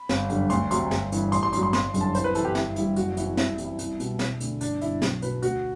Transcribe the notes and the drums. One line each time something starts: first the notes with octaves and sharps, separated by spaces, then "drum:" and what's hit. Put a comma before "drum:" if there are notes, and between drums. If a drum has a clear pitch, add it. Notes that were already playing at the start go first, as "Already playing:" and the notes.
Already playing: B5
G1, drum: snare
F#2 D3 G3, drum: hi-hat
D2 C6, drum: hi-hat
C3 F#3 C6, drum: hi-hat
G1, drum: snare
G2 E3, drum: hi-hat
A1 C6, drum: hi-hat
C6
G2 F#3 C6, drum: hi-hat
C6
G1 C6, drum: snare
F#2 D3 G3, drum: hi-hat
A5
C2 C5, drum: hi-hat
B4
C3 E3 A4, drum: hi-hat
G4
G1 E4, drum: snare
G2 E3 G3 E4, drum: hi-hat
F#1 F#4, drum: hi-hat
E2 C3 E3 E4, drum: hi-hat
C2 E4, drum: snare
C3 E3 G3, drum: hi-hat
E4
C2, drum: hi-hat
B2 G3, drum: hi-hat
E1, drum: snare
D2 D3, drum: hi-hat
G1 D4, drum: hi-hat
G2 D3 E4, drum: hi-hat
B1, drum: snare
B2 F#3 B4, drum: hi-hat
D2 F#4, drum: hi-hat